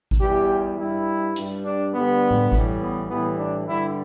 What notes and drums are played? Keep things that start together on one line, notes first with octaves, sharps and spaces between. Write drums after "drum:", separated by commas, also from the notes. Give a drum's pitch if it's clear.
drum: kick G#1
E2 E3 G3 G4
G2 G3 E4
G2 G3, drum: hi-hat
D4
G2 D3 G3 B3
drum: tom A2
A2 E3 G3, drum: kick G#1
B3
A2 E3 G3 B3
D4
G2 D3 G3 E4